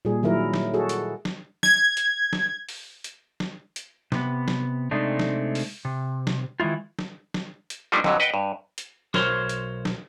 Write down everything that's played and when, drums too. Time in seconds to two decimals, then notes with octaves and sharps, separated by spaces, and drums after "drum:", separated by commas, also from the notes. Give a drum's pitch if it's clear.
0.05 A#2 G3 G#4
0.23 D#3 F#3 E4 A#4
0.54 drum: snare
0.74 F#4 G#4 A4
0.89 drum: hi-hat
1.25 drum: snare
1.63 G#6, drum: snare
1.97 drum: hi-hat
2.33 drum: snare
2.69 drum: open hi-hat
3.04 drum: hi-hat
3.40 drum: snare
3.76 drum: hi-hat
4.12 C3 B3, drum: snare
4.48 drum: snare
4.91 C3 G#3 A3 C4 D4 D#4
5.19 drum: snare
5.55 drum: open hi-hat
5.85 C3
6.27 drum: snare
6.60 D#3 E3 G#3 E4 F4
6.99 drum: snare
7.34 drum: snare
7.70 drum: hi-hat
7.92 F3 G3 A3 A#3 D4 D#4
8.04 F2 D3 F#3, drum: snare
8.20 B4 D#5 F#5 G5
8.34 G2
8.78 drum: hi-hat
9.14 B1 F#4 A#4 C5 C#5 C6, drum: snare
9.49 drum: hi-hat
9.85 drum: snare